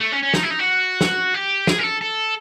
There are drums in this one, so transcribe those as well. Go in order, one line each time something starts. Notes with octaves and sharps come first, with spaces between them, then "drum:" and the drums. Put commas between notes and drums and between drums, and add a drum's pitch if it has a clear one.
A3
C#4
C#4
D#4, drum: snare
E4
D#4
F#4
drum: snare
G4
G#4, drum: snare
A#4
A4
A4